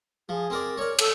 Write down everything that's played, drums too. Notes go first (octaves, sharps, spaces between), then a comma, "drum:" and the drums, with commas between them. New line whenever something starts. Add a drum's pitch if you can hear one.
F3 G#4
C4 A#4 D5
A#4 C#5 D5
A4, drum: cymbal